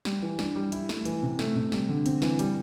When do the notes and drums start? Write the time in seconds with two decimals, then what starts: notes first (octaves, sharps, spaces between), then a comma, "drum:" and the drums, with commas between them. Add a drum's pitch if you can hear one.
0.05 G3, drum: snare
0.22 E3
0.39 D4, drum: snare
0.55 G3
0.72 E4, drum: hi-hat
0.89 A3, drum: snare
1.05 E3, drum: hi-hat
1.22 C3
1.39 A3, drum: snare
1.56 C3
1.72 G3, drum: snare
1.89 D3
2.06 C4, drum: hi-hat
2.22 E3, drum: snare
2.39 G3, drum: hi-hat